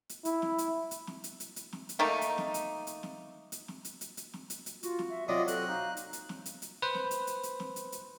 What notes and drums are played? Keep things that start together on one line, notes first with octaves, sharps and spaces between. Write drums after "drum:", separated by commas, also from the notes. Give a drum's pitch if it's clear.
drum: hi-hat
E4, drum: hi-hat
drum: snare
drum: hi-hat
drum: hi-hat
drum: snare
drum: hi-hat
drum: hi-hat
drum: hi-hat
drum: snare
drum: hi-hat
D#3 A3 A#3 D#4
drum: hi-hat
drum: snare
drum: hi-hat
drum: hi-hat
drum: snare
drum: hi-hat
drum: snare
drum: hi-hat
drum: hi-hat
drum: hi-hat
drum: snare
drum: hi-hat
drum: hi-hat
F4 F#4, drum: hi-hat
drum: snare
E5
C3 F#3 F4 D5 D#5 D#6
A4 F#6, drum: hi-hat
D#4 F5
drum: hi-hat
drum: hi-hat
drum: snare
drum: hi-hat
drum: hi-hat
B4 C5
drum: snare
drum: hi-hat
drum: hi-hat
drum: hi-hat
drum: snare
drum: hi-hat
drum: hi-hat